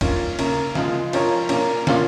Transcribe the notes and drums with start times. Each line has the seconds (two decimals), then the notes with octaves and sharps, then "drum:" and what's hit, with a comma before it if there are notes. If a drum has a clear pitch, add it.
0.01 D#3 A#3 C#4 F4, drum: kick, cymbal
0.39 C#3 A#3 C#4 A#4, drum: cymbal
0.75 C#3 F3 G#3, drum: snare
1.13 F3 C#4 A#4 C#5, drum: cymbal
1.49 A#2 A#3 C#4 A#4, drum: cymbal
1.87 A#2 F3 C#4 F4, drum: snare